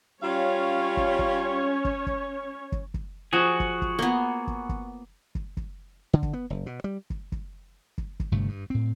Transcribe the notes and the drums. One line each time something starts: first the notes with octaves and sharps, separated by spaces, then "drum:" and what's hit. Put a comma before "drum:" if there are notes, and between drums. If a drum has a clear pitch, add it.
G3 C#4 F4 C#5 F5
drum: kick
drum: kick
drum: kick
drum: kick
drum: kick
drum: kick
F3 F#4 G#4
drum: kick
drum: kick
A#3 B3
drum: kick
drum: kick
drum: kick
drum: kick
D3
drum: kick
B3
F#1
B2
G3
drum: kick
drum: kick
drum: kick
drum: kick
G1 G2 C3 A3
G2
A2 C4